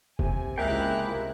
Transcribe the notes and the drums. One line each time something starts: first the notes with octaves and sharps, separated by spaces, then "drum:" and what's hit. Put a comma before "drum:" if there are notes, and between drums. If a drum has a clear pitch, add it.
C3 G#5, drum: kick
C#2 G#3 A#3 E4 E5 G5 F#6